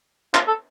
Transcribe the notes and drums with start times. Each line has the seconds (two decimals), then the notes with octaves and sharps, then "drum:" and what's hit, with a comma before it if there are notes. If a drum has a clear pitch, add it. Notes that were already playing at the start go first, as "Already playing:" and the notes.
0.34 F4, drum: clap
0.47 A4